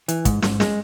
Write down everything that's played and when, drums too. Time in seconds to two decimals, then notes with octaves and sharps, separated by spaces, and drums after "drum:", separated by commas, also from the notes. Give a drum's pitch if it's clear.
0.08 E3, drum: hi-hat
0.25 G#2, drum: kick, hi-hat
0.42 G#2, drum: snare
0.60 G#3, drum: snare